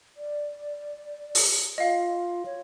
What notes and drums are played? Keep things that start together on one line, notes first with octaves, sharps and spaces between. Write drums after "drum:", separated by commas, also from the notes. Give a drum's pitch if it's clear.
D5
drum: open hi-hat
F4 D#5 F5
C#5